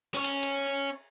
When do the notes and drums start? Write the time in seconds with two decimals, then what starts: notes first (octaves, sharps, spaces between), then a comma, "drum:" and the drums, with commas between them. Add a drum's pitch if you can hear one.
0.14 C#4 C#5
0.24 drum: cymbal
0.43 drum: hi-hat